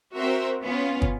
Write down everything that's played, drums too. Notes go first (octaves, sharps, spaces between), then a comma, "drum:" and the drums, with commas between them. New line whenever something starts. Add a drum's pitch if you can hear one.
C4 F#4 A#4 C5 E5
B3 C#4 F4
drum: kick